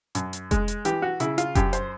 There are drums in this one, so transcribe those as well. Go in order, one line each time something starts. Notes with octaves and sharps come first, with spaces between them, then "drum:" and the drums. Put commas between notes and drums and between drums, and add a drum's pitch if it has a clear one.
F#2, drum: hi-hat
drum: hi-hat
G#3, drum: kick F1, hi-hat
drum: hi-hat
E3 G4, drum: hi-hat
F#4
C#3 E4, drum: hi-hat
F4, drum: hi-hat
F#2 G4, drum: kick F1, hi-hat
C5, drum: hi-hat